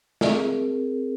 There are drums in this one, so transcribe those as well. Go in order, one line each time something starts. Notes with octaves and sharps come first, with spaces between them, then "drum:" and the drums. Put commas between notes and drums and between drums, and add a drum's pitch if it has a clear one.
C4 G#4 A#4, drum: snare